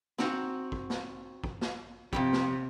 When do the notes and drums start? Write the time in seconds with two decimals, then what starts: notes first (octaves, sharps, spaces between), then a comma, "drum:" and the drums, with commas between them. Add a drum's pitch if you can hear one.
0.18 C4 D#4 F#4, drum: snare
0.72 drum: kick
0.90 drum: snare
1.44 drum: kick
1.61 drum: snare
2.13 F2 C3 E3 G4, drum: kick
2.33 drum: snare